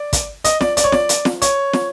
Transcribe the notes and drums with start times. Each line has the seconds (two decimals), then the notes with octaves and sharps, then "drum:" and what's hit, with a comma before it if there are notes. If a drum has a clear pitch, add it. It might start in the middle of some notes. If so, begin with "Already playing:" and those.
Already playing: D5
0.13 drum: kick, hi-hat
0.44 D#5, drum: hi-hat
0.61 D5, drum: snare
0.77 D5, drum: hi-hat
0.84 C#5
0.92 D5, drum: snare
1.09 drum: hi-hat
1.25 drum: snare
1.42 C#5, drum: hi-hat
1.73 drum: snare